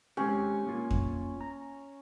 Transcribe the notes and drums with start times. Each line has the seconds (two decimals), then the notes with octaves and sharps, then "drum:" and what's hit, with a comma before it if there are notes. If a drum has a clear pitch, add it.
0.17 G#3 C4 C#4 G4
0.67 A#3 F4
0.91 drum: kick F2
1.41 A#5